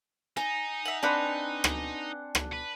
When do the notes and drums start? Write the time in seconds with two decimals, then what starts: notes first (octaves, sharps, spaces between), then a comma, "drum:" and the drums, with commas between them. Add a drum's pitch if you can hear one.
0.37 D#4 G#5 A#5
0.85 E5 F#5
1.03 C4 D4 B4 F#5 C6
1.64 drum: rim click
2.35 drum: rim click
2.52 B4